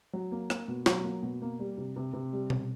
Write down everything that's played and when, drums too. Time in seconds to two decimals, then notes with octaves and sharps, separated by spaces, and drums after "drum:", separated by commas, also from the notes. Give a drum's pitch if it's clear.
0.13 F#3
0.32 A#3
0.50 A#3, drum: rim click
0.68 B2
0.86 F#3, drum: snare
1.04 A#3
1.23 B2
1.42 A#3
1.59 G3
1.78 C3
1.96 C3
2.13 C3
2.33 G3
2.50 C3, drum: tom B2